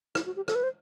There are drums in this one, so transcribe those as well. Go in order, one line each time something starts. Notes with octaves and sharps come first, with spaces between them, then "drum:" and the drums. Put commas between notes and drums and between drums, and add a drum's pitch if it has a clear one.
E4, drum: rim click
F#4
G4
A4, drum: rim click
B4
C5